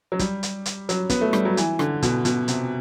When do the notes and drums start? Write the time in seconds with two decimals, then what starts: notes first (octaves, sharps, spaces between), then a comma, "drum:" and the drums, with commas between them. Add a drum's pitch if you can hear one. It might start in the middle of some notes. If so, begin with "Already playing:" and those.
0.12 F#3
0.19 G3, drum: kick, hi-hat
0.43 drum: hi-hat
0.66 drum: hi-hat
0.89 F#3, drum: hi-hat
1.10 B3, drum: kick, hi-hat
1.21 A3
1.33 G3, drum: rim click
1.45 F#3
1.57 E3, drum: hi-hat
1.79 D3, drum: rim click
2.02 B2, drum: kick, hi-hat
2.25 B2, drum: hi-hat
2.48 C3, drum: hi-hat